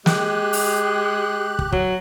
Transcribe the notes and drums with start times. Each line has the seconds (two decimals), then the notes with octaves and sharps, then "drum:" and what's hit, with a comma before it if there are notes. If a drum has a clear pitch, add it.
0.06 G#3 G4 F#6, drum: snare
0.53 drum: open hi-hat
1.59 drum: kick
1.72 F#3, drum: kick